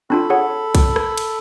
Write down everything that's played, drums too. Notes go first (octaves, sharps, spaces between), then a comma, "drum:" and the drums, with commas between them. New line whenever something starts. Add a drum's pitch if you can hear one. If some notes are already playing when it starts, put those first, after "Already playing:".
C4 D4 F4 A4 B5
G#4 C#5 F#5
drum: kick B1, cymbal
drum: rim click
drum: cymbal